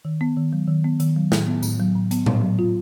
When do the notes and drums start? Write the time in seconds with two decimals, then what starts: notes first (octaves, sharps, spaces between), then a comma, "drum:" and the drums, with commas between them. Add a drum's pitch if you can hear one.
0.05 D#3
0.21 B3
0.37 D#3
0.53 F#3
0.68 D#3
0.84 B3
1.00 D#3, drum: hi-hat
1.16 F#3
1.32 A2, drum: snare
1.47 B3
1.63 A2, drum: tambourine
1.79 F#3
1.95 A2
2.11 B3, drum: hi-hat
2.26 A2, drum: tom A#2
2.42 F#3
2.59 F4